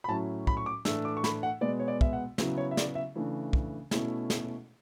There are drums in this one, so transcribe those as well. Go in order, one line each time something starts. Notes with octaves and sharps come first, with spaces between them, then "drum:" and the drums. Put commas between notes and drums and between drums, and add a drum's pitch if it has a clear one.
B5
A2 F#3 C#4 E4 A5
B5, drum: kick
C#6
D6
A2 E3 A3 D4 E6, drum: snare
D6
C#6
B5, drum: snare
F#5
B2 G#3 B3 D5
C#5
D5
E5, drum: kick
F#5
C#3 F#3 B3 E4, drum: snare
C#5
E5
D5, drum: snare
E5
C#3 E3 A3 D4
drum: kick
B2 A3 C#4 E4, drum: snare
drum: snare